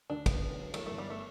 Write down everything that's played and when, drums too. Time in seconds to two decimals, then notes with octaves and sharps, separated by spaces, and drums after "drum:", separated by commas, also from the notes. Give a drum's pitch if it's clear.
0.10 D2 D4
0.26 E1 B3, drum: kick, cymbal
0.42 D3
0.58 F#3
0.74 E3 A3, drum: cymbal
0.86 G1 A3
0.98 G3
1.10 A3